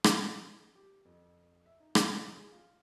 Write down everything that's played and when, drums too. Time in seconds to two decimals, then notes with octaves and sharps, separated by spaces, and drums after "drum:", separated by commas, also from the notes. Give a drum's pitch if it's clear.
0.04 drum: rim click
0.75 G4
1.05 F2
1.66 E5
1.80 D#4
1.95 G#2, drum: rim click
2.17 F#1
2.36 G#4
2.52 F4